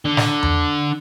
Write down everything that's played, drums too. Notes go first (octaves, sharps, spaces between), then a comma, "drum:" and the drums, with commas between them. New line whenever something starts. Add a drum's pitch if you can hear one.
D3
drum: snare
drum: tom E2